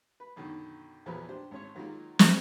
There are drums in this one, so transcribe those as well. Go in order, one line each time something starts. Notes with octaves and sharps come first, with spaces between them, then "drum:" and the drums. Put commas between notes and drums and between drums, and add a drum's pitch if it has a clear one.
B4
F#2 B2 D3 D#3
E2 A#2 F3 F#3 B3 B4
D4 G4 C5
G#1 C#4 C#5
D#3 F#3 G#3 A#3 F4
drum: snare